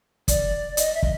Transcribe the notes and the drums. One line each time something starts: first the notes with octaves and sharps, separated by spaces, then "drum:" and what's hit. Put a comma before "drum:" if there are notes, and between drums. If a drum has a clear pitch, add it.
D5, drum: kick, hi-hat
D#5, drum: hi-hat
E5
D#5, drum: kick